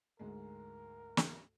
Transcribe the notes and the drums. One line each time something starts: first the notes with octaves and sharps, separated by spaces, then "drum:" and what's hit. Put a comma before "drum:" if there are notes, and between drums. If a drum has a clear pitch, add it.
D2 G#2 G#3 A#4
drum: snare